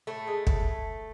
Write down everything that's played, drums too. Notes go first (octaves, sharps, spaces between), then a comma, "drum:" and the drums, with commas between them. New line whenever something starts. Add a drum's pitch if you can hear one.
A2 A3
G#3
A2, drum: kick